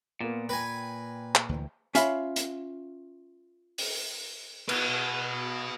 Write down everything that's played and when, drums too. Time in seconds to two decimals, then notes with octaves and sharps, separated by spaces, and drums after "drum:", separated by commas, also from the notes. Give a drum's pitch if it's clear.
0.21 A#2 A#3 B3 F4
0.49 B4 G5 G#5 A#6
1.35 drum: clap
1.49 D2 E3
1.95 C#4 F4 E5 F5 B5, drum: hi-hat
2.36 drum: hi-hat
3.78 drum: open hi-hat
4.69 F#4 B4, drum: cymbal